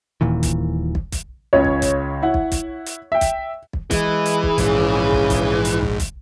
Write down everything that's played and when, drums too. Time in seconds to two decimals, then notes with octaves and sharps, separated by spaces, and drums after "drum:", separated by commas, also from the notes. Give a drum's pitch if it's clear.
0.21 D#1 A#2 D#3 E3
0.43 drum: kick, hi-hat
0.95 drum: kick
1.12 drum: kick, hi-hat
1.53 C#2 C#3 C#5
1.65 drum: kick
1.82 drum: kick, hi-hat
2.23 E4 F#5
2.34 drum: kick
2.52 drum: kick, hi-hat
2.86 drum: hi-hat
3.12 E5 G5
3.21 drum: kick, hi-hat
3.73 drum: kick
3.91 E3 G#3 G#4, drum: kick, hi-hat
4.26 drum: hi-hat
4.43 drum: kick
4.58 A#1 G#2 C#3, drum: kick, hi-hat
5.13 drum: kick
5.30 drum: kick, hi-hat
5.65 drum: hi-hat
5.82 drum: kick
6.00 drum: kick, hi-hat